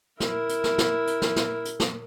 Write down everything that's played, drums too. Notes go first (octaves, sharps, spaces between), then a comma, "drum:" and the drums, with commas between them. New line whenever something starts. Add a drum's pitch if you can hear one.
E4 A#4, drum: snare
drum: hi-hat
drum: snare
drum: snare
drum: hi-hat
drum: snare
drum: snare
drum: hi-hat
drum: snare